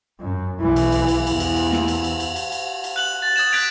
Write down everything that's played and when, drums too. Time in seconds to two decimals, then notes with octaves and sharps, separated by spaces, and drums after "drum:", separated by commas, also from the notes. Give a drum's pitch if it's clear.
0.19 F#2
0.60 B1 E3
0.76 drum: cymbal
0.92 drum: cymbal
1.08 drum: cymbal
1.27 E2, drum: cymbal
1.40 drum: cymbal
1.56 drum: cymbal
1.72 drum: snare
1.88 drum: cymbal
2.04 drum: cymbal
2.20 drum: cymbal
2.36 drum: cymbal
2.52 drum: cymbal
2.84 drum: cymbal
2.96 F#6 F#7
3.22 A6
3.36 D#6 G#6 A6 E7
3.52 F#6 G#6 B6 D7 F7